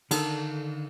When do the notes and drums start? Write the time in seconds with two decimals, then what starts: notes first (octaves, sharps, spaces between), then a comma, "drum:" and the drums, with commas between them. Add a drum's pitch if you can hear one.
0.11 D3 D#3 A4, drum: cymbal